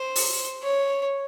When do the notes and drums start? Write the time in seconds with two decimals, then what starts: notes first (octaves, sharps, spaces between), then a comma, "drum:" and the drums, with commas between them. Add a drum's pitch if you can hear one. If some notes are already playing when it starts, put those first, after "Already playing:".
Already playing: C5
0.16 drum: open hi-hat
0.62 C#5